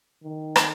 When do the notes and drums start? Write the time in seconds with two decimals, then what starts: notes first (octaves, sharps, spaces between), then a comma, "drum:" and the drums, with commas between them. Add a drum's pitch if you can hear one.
0.24 D#3
0.56 drum: rim click